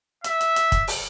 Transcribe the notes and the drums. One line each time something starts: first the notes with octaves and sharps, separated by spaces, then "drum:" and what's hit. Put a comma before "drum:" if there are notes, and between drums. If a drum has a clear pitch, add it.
E5, drum: hi-hat
drum: hi-hat
drum: hi-hat
drum: kick, hi-hat
drum: open hi-hat